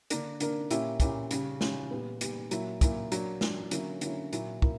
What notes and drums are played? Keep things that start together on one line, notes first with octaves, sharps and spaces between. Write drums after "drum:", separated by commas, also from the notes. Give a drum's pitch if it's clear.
D3 A#3 D4 A#4, drum: hi-hat
D3 A#3 D4 A#4, drum: hi-hat
A#2 A#3 C#4 E4 G4, drum: hi-hat
A#2 A#3 C#4 E4 G4, drum: kick, hi-hat
C#3 G3 C#4, drum: hi-hat
C#3 G3 C#4, drum: snare
A#2 G3 B3
A#2 G3 B3, drum: hi-hat
A#2 F#3 A#3 E4, drum: hi-hat
A#2 F#3 A#3 E4, drum: kick, hi-hat
F#3 A#3 D4, drum: hi-hat
F#3 A#3 D4, drum: snare
D3 F#3 A#3 C#4 E4, drum: hi-hat
D3 F#3 A#3 C#4 E4, drum: hi-hat
A#2 F#3 A#3 E4, drum: hi-hat
A#3 E4, drum: kick